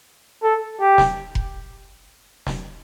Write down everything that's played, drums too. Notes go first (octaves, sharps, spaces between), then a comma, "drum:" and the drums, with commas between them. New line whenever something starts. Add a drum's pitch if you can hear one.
A4
G4
drum: snare
drum: kick F1
drum: snare